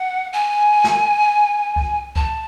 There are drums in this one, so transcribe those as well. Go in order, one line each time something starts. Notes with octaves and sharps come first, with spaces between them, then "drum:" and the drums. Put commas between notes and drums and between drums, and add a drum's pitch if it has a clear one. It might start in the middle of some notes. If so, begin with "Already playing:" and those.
Already playing: F#5
G#5
drum: snare
drum: kick C2
A5, drum: kick C2